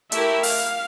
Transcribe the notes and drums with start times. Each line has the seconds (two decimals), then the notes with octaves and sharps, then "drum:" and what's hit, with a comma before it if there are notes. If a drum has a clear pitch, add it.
0.12 A3 E4 G4 A#4 E5, drum: hi-hat
0.43 F5, drum: open hi-hat